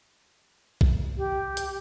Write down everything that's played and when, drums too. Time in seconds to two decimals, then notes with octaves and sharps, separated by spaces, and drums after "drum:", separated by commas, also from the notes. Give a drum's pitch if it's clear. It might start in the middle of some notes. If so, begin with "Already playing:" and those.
0.81 drum: kick B1
1.17 G4
1.57 drum: hi-hat